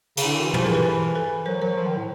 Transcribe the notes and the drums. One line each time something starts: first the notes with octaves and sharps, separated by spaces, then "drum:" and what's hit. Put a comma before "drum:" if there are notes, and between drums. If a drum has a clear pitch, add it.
C#3, drum: cymbal
D4 E4
D3
D#3 E4 F#4
E3
F3 F4 G4, drum: tom
G#4 A#4
E3
A4 B4
E3
A4 B4
F#3 A#4 C5
F#3 A#4 C5
F3
D#3
A2